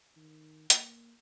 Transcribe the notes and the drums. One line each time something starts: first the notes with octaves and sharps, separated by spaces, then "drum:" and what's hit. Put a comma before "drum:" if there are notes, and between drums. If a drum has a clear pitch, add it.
D#3
A#3, drum: hi-hat